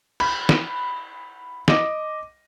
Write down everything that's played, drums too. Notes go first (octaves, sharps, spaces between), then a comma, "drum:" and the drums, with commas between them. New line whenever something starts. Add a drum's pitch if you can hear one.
B5, drum: cymbal
drum: snare
D#5 D6, drum: snare